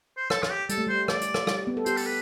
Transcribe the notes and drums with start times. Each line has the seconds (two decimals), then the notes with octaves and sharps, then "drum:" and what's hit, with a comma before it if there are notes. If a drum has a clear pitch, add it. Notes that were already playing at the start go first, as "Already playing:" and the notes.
0.17 C5
0.30 A4, drum: rim click
0.43 F4, drum: rim click
0.50 G4
0.69 G3 A4, drum: hi-hat
0.78 A3
0.87 G3 C5
1.08 D5, drum: rim click
1.21 drum: hi-hat
1.34 drum: rim click
1.47 G3, drum: rim click
1.67 B3
1.77 A4
1.86 G4 C5, drum: hi-hat
1.97 A4, drum: open hi-hat
2.06 B4